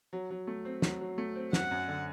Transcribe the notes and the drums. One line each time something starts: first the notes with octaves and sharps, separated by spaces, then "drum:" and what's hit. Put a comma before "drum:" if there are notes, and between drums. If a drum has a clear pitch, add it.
F#3
F#3
A3
C4
F#3, drum: snare
F#3
A3
C4
F#2 F#5, drum: snare
F#2
D3